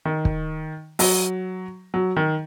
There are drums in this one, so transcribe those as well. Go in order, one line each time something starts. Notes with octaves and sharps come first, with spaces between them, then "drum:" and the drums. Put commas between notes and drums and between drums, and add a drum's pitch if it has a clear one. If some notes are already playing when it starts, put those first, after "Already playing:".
D#3
drum: kick
F#3, drum: open hi-hat
F#3
D#3